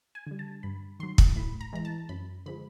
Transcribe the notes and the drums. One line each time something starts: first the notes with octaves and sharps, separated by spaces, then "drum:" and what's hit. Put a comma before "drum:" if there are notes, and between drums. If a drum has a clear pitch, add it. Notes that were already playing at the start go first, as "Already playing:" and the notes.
G#5
D3 G3
A5
G2 B5
D#3 F#3 C6
drum: kick
A2 B5
A#5
E3 G#3 A#5
A5
F#2 B5
D3 F3 G#3 B5